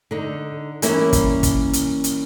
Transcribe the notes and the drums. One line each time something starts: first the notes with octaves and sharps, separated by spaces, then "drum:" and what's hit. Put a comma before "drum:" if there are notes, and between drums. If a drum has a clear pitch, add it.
D3 D#4
E3 G3 A#3 C#4 E4, drum: hi-hat
drum: kick, hi-hat
drum: kick, hi-hat
drum: hi-hat
drum: hi-hat